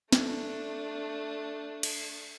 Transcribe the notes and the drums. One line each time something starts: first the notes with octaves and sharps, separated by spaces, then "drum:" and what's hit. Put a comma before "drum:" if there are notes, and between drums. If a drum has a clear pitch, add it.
A3 D4, drum: snare
drum: cymbal